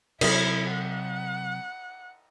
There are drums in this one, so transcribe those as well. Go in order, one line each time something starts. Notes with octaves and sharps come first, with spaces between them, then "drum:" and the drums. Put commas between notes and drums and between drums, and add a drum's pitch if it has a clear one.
C3 F#3 E4, drum: cymbal
F#5